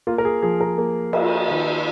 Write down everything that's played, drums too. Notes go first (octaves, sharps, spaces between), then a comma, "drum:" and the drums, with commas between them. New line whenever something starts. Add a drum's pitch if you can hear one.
A#3 F4
A#4
G#4
F3 G#4
A#4
A#3
A#3, drum: cymbal
D#3